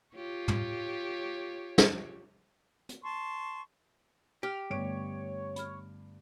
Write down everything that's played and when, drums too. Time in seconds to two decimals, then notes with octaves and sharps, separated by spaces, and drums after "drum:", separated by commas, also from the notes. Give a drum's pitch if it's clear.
0.15 F4 G4 C#5
0.48 drum: tom
1.78 drum: snare
2.89 drum: hi-hat
3.03 A5 C6 C#6
4.43 G4 F6
4.70 G2 D3 A3 B3 C#5 D7
5.56 B5 F6, drum: hi-hat